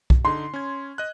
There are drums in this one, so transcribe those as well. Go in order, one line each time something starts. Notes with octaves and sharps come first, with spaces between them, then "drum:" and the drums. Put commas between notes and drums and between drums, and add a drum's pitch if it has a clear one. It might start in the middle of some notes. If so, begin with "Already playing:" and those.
drum: kick
D3 D#4 C6
C#4 G#6
D#5 F#6